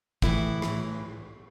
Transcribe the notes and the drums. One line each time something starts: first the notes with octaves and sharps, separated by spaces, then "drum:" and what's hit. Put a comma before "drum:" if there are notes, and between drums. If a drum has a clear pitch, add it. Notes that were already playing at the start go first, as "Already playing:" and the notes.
A2 E3 E4, drum: kick
A2 E3, drum: rim click